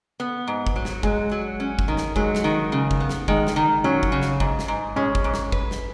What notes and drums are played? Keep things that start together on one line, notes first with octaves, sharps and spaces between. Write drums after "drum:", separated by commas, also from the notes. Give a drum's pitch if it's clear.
B3
G#2
drum: kick
F#3
drum: snare
F#3 G#3, drum: kick
F#3
C#4
drum: kick
D#3
drum: snare
F#3 G#3, drum: kick
drum: snare
D#3
C#3
drum: kick
B3
drum: snare
D#3 G#3, drum: kick
drum: snare
D#3
F#3 C#4
drum: kick
C#3
drum: snare
G#2, drum: kick
drum: snare
G#2
G#3 C#4
drum: kick
G#2
drum: snare
B4, drum: kick
drum: snare